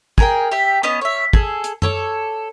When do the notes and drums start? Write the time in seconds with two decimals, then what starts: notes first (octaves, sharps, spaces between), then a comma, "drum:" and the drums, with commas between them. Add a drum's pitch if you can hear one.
0.18 G#4 A#4 G5, drum: kick
0.52 G4 E5
0.83 B3 C#4 D#5
1.01 C#5 E5
1.33 G#4 A4, drum: kick
1.64 drum: hi-hat
1.82 A4 C#5 D6, drum: tom F#2